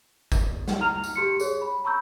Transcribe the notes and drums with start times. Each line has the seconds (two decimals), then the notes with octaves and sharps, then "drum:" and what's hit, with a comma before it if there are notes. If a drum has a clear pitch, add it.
0.32 drum: kick, tambourine
0.68 drum: snare
0.81 A#5 F6 F7
1.04 drum: tambourine
1.16 G4 C6 C#7
1.40 G#4 C#5, drum: tambourine
1.62 B5
1.84 A#5 B5 C#6 E6 G6